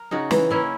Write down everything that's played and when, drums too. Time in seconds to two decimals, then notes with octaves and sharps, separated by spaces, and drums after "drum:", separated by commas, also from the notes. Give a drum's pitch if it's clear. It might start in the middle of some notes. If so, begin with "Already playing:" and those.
Already playing: A#4
0.11 C#3 D#4 F#4
0.31 E3, drum: snare
0.50 A#3 C#4 E4